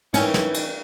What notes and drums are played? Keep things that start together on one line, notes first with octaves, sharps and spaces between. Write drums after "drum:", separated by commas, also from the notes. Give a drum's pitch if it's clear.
E3 C#4 D#4 A#4 G5, drum: cymbal
drum: snare
drum: cymbal